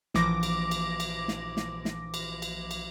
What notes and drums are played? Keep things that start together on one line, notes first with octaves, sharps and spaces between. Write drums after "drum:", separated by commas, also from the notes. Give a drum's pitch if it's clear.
A#1 E3 F3 D6 A#6, drum: snare
drum: cymbal
drum: cymbal
drum: cymbal
drum: snare
drum: snare
drum: snare
drum: cymbal
drum: cymbal
drum: cymbal